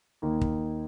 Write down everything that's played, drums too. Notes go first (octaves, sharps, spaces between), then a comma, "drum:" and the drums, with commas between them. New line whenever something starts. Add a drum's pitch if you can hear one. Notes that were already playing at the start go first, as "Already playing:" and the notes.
D#2 D#3 A#3 D#4
drum: kick